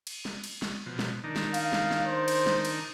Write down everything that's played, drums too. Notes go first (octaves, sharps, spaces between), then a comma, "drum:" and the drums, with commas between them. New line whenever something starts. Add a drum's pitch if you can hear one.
drum: cymbal
drum: snare
drum: cymbal
drum: snare
B2 F3
drum: snare
D#3 D4 D#4
drum: snare
F5, drum: cymbal
drum: snare
drum: snare
C5
drum: cymbal
drum: snare
drum: cymbal